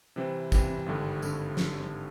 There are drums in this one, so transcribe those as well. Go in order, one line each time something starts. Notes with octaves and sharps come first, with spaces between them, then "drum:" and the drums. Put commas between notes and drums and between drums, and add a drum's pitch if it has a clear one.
C3 E3 G3 C4
C3 E3 G3 C4, drum: kick, tambourine
G#1 G2 D3 G3
D3 G3, drum: tambourine
drum: snare